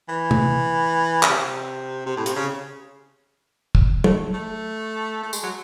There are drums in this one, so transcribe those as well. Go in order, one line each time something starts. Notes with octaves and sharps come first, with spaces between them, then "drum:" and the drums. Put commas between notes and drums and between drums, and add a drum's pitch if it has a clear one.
E3
drum: tom C3
C#3, drum: clap
C3
C3
A2
C3, drum: hi-hat
C#3
drum: kick
A3, drum: tom
A3
A3
G#3, drum: tambourine
F#3